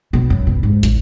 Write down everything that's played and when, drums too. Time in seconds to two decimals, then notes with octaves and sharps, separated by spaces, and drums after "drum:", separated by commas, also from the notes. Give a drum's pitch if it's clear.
0.13 B2
0.30 F#2
0.47 B2
0.63 G#2
0.83 A1, drum: kick, hi-hat